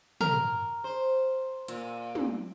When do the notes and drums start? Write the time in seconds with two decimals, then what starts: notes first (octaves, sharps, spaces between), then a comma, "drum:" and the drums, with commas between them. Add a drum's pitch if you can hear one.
0.21 A#4, drum: tom
0.84 C5
1.68 A#2, drum: hi-hat
2.15 drum: tom